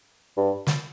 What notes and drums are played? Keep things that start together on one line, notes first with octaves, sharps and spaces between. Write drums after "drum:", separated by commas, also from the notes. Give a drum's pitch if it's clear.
G2
drum: snare